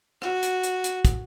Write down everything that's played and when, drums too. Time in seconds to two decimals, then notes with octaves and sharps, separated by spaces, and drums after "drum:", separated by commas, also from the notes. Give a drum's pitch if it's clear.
0.22 F#4, drum: rim click
0.43 drum: hi-hat
0.63 drum: hi-hat
0.84 drum: hi-hat
1.05 drum: kick, hi-hat